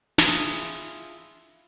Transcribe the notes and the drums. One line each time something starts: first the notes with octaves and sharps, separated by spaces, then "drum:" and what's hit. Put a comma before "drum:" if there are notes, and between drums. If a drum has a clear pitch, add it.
E4 F4 G#4 A5, drum: snare